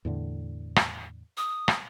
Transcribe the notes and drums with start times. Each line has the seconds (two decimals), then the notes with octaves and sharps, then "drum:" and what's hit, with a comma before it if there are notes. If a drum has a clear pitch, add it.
0.05 E2 A2 D3
0.76 drum: rim click
1.37 D#6
1.68 drum: rim click